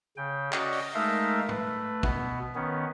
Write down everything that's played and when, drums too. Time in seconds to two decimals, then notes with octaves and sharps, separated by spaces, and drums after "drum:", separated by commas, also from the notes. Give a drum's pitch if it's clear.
0.17 C#3 G5
0.53 C#4 F#4 D5 D#5, drum: clap
0.73 drum: open hi-hat
0.94 G#3 A3 D#4 A#4 E5 F5
1.49 A3 B4, drum: tom G#2
2.03 B2 B3, drum: kick
2.55 D#3 B3 C#4